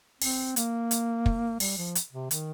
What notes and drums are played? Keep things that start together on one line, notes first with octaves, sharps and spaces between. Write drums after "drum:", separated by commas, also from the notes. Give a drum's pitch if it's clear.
C4, drum: open hi-hat
A#3, drum: hi-hat
drum: hi-hat
drum: kick
G3, drum: open hi-hat
F3
drum: hi-hat
C3
D#3, drum: hi-hat